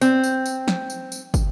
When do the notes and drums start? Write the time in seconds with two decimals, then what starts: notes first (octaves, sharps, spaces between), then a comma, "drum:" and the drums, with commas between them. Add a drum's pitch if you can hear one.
0.01 C4, drum: tambourine
0.24 drum: tambourine
0.46 drum: tambourine
0.68 drum: snare
0.90 drum: tambourine
1.12 drum: tambourine
1.34 drum: kick, tambourine